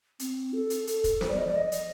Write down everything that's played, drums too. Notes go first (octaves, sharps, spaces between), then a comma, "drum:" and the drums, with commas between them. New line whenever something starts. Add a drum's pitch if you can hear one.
C4, drum: hi-hat
A4
drum: hi-hat
A4, drum: hi-hat
drum: kick, hi-hat
C5, drum: snare
D5
D#5
D5
D#5
drum: hi-hat